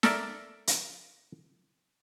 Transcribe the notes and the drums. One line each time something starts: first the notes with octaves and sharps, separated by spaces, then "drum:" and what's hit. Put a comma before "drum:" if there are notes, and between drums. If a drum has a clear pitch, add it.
A4 A#4 D5 E5, drum: snare
drum: hi-hat